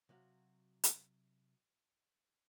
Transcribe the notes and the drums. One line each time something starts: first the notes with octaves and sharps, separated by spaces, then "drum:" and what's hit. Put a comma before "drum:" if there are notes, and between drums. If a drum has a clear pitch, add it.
C3 F#3 F#4 F5
drum: hi-hat